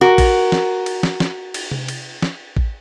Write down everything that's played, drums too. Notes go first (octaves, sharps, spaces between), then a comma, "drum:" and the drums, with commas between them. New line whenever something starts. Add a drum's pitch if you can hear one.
F#4 A#4
drum: kick, cymbal
drum: snare
drum: cymbal
drum: snare
drum: snare
drum: cymbal
drum: tom C3
drum: cymbal
drum: snare
drum: kick